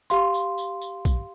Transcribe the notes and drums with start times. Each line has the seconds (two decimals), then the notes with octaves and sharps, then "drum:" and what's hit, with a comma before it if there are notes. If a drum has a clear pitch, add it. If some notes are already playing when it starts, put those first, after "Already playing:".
0.10 G4 F5 C6, drum: tambourine
0.34 drum: tambourine
0.58 drum: tambourine
0.82 drum: tambourine
1.05 drum: kick, tambourine